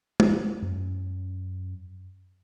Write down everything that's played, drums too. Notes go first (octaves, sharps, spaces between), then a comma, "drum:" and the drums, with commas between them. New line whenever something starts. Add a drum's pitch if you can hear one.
drum: tom G#3
F#2 C#4